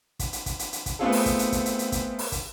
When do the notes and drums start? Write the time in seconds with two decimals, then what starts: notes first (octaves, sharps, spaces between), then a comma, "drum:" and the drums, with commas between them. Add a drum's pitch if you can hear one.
0.19 drum: kick, hi-hat
0.33 drum: hi-hat
0.46 drum: kick, hi-hat
0.59 drum: hi-hat
0.73 drum: hi-hat
0.86 drum: kick, hi-hat
0.99 A3 B3 C4 F4 G#4 A4
1.12 drum: open hi-hat
1.26 drum: kick, hi-hat
1.39 drum: hi-hat
1.52 drum: kick, hi-hat
1.66 drum: hi-hat
1.79 drum: hi-hat
1.92 drum: kick, hi-hat
2.19 drum: open hi-hat
2.32 drum: kick, hi-hat